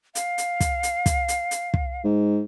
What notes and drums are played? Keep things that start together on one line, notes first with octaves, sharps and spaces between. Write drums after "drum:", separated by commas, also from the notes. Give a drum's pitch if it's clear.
F5, drum: hi-hat
drum: hi-hat
drum: kick, hi-hat
drum: hi-hat
drum: kick, hi-hat
drum: hi-hat
drum: hi-hat
drum: kick
G#2